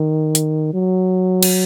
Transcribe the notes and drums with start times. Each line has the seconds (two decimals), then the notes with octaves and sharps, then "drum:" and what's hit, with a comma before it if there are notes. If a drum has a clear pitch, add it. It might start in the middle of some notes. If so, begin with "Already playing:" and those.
Already playing: D#3
0.35 drum: hi-hat
0.74 F#3
1.43 drum: cymbal